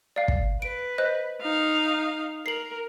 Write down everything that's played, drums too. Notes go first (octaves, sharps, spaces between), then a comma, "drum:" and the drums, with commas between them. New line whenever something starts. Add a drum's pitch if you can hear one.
D5 F5
drum: kick
B4 D7
C5 D#5 F#6
D#4 F5
A#4 C7 F#7